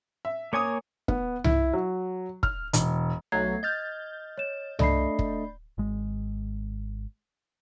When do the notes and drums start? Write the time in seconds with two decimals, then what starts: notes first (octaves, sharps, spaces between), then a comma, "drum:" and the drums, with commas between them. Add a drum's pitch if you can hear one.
0.25 E5
0.53 A#3 C#5 G#5 D6 D#6
1.08 B3, drum: kick
1.44 E4, drum: tom C2
1.73 F#3
2.43 F6, drum: kick
2.73 E1, drum: hi-hat
3.32 B1 F#3 A3 G#6 C7
3.63 D#5 F6 G6 A6
4.38 C#5 E7
4.79 A3 D4 D5 D#5 B5 C7, drum: tom C2
5.19 drum: kick
5.78 G#1 G#3